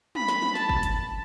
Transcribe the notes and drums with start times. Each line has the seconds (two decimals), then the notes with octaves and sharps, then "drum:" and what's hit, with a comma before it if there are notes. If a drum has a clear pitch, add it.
0.15 B5, drum: tom
0.28 drum: snare
0.42 drum: tom
0.55 A5, drum: snare
0.69 drum: kick
0.83 drum: hi-hat